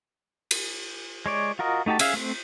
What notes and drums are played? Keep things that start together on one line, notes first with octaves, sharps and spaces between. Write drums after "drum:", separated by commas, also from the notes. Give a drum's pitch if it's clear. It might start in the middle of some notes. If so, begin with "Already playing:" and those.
drum: cymbal
G#3 C#5 D5
F4 F#4 A#4 D#5
A3 D#4 F#4 G4 A5
C#4 G#4 E5 F5, drum: cymbal
A3 C4